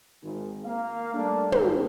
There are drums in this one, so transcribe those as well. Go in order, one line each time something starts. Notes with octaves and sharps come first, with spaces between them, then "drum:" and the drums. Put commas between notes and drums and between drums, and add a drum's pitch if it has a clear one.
G#1
A#3 F5
G3 A3 A#3 D4
G#2 D#3 G3, drum: tom